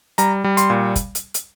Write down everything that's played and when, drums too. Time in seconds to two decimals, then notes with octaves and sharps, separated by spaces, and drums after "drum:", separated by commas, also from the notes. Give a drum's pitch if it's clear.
0.18 G3 A#5, drum: hi-hat
0.44 G3
0.57 C6, drum: hi-hat
0.70 A#2
0.95 drum: kick, hi-hat
1.15 drum: hi-hat
1.34 drum: hi-hat